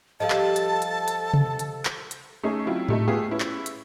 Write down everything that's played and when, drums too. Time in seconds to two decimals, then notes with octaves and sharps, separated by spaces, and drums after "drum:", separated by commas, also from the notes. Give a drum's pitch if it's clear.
0.20 F3 G3 G4 A4 D#5 F5 A5
0.30 drum: clap
0.56 drum: hi-hat
0.82 drum: hi-hat
1.08 drum: hi-hat
1.33 drum: tom C3
1.59 drum: hi-hat
1.85 drum: clap
2.11 drum: hi-hat
2.43 A3 C#4 D#4 G#4
2.66 F#3 C4 E4 F4
2.89 G3 A3 D#4, drum: tom A2
3.08 A3 B3 F4 G4 G#4
3.31 C#4 E4 B4
3.40 drum: clap
3.66 drum: hi-hat